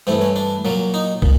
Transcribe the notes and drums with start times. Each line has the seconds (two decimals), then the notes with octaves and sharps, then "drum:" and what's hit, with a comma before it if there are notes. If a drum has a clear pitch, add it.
0.07 G2 E3 A3 C4
0.21 C#4
0.36 D4
0.65 A#2 F#3 A#3
0.94 D#4
1.22 A#2, drum: kick